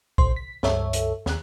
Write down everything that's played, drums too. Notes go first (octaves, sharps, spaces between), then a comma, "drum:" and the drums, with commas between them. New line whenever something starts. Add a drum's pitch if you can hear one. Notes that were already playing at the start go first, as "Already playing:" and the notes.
A#1 C5 C6, drum: kick C#2
B6
C#2 G2 A4 C#5 E5, drum: snare
drum: hi-hat
D#2 F#6, drum: snare